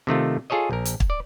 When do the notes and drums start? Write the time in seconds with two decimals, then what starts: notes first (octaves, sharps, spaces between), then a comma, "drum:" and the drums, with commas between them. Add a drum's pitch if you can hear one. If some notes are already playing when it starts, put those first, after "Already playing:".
0.07 C3 D#3 A3 F4
0.50 F4 G#4 A4 C#5 D#5
0.71 A#1 A#4
0.85 drum: hi-hat
1.00 drum: kick
1.10 D5